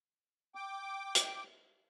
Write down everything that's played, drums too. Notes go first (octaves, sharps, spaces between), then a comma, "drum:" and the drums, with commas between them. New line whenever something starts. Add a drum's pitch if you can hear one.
G5 D6
drum: hi-hat